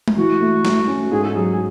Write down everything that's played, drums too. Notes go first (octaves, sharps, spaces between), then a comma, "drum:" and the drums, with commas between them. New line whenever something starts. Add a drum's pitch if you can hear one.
drum: tom G#3
E3 F#4
A3
A3, drum: snare
C#4
G#2 G#4
A4
F#3 G#4
G#4